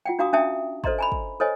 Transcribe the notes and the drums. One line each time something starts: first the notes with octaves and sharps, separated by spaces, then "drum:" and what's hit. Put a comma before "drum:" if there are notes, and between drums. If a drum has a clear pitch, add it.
F4 F#5 G5
D4 F#4 F5 A#5 D6 D#6
C#4 D4 E5 G5 A5 D#6
A4 C5 D5 D#5 A#5 C6, drum: kick
G#5 A#5 B5
drum: kick
A4 C5 C#5 D#5 G#5